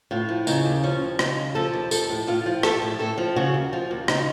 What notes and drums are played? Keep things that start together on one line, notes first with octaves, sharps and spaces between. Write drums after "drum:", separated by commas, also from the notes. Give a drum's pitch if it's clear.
A2 F4
F3
C#3 D#4, drum: tambourine
D#2
F3 C#4
D#2
C#3 D#4, drum: rim click
D#2
F3 A4
D#2
F3 A4, drum: tambourine
A2
A2 F4
F3
F3 A4, drum: rim click
A2
A2 A4
F3
C#3 F#4
D#2
F3 F4
D#2
C#3 D#4, drum: rim click